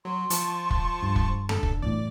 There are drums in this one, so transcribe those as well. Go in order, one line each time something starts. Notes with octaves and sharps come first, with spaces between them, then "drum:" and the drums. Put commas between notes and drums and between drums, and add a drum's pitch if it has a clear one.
F#3 C6
F3 A5 C#6, drum: hi-hat
drum: kick
G2
drum: kick
D4 A4, drum: tom F2
drum: kick
E2 A2 D5